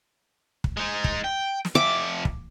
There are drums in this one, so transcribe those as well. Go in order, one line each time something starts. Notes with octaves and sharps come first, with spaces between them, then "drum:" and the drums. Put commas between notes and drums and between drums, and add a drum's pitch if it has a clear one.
drum: kick
G#3 D#4
drum: kick
G5
drum: snare
F2 E5 D6
drum: kick